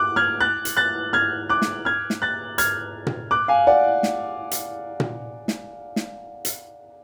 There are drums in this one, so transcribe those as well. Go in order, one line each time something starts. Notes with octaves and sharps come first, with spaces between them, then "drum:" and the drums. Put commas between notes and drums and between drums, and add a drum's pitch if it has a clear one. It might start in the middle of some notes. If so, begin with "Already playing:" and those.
Already playing: D6 F#6
F6 G#6
F#6 A6
drum: hi-hat
F#6 A6
F6 G#6
D6 F#6
drum: snare
F6 G#6
drum: snare
F#6 A6
F6 G#6, drum: hi-hat
drum: tom A#2
D6 F#6
F5 G#5
D5 F#5
drum: snare
drum: hi-hat
drum: tom A#2
drum: snare
drum: snare
drum: hi-hat